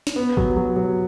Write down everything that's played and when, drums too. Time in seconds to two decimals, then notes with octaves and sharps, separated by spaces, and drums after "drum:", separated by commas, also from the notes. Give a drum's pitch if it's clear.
0.07 drum: snare
0.16 B3
0.37 F#3, drum: kick A1
0.57 F#3
0.76 F#3